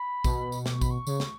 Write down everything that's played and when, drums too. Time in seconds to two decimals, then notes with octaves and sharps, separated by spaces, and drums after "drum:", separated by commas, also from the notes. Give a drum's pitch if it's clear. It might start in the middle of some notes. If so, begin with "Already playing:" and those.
Already playing: B5
0.24 B2, drum: kick A#1, tambourine
0.52 drum: tambourine
0.66 D6, drum: snare
0.73 C#6
0.81 B5, drum: kick A#1, tambourine
0.91 C#6
1.07 C#3, drum: tambourine
1.20 drum: snare